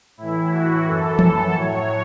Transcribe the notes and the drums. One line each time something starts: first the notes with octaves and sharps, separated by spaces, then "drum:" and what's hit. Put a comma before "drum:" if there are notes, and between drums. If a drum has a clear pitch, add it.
A2 E3 E4
F#4
F#2 E3 A4
A4, drum: tom E3
A2 F#3 C#5